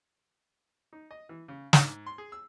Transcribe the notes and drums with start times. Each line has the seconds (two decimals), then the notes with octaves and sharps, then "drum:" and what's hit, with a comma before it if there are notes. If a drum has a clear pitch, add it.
0.93 D#4
1.11 D#5
1.29 E3
1.48 C#3
1.73 G#2, drum: snare
2.06 C6
2.18 G#4
2.32 E6